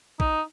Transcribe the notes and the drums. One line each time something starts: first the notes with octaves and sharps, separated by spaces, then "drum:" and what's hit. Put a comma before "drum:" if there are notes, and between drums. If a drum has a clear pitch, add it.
D#4, drum: kick A#1